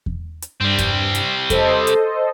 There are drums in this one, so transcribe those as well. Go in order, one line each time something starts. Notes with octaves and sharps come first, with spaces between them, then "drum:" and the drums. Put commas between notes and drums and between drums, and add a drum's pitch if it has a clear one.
drum: kick E2
drum: hi-hat
G2 G3 C4
drum: kick E2, hi-hat
drum: hi-hat
A4 C5 D#5, drum: kick E2, hi-hat
drum: hi-hat